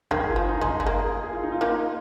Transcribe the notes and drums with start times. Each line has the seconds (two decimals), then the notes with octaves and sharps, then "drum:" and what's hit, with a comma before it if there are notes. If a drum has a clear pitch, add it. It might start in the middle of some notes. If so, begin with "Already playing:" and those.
0.11 D#3 G#4, drum: kick
0.30 F4
0.36 F3
0.48 D#4
0.61 G#3, drum: kick
0.80 G#3
0.86 A#3 G#4
1.23 G#4
1.33 F4
1.43 D#4
1.52 F4
1.61 A#3 D#4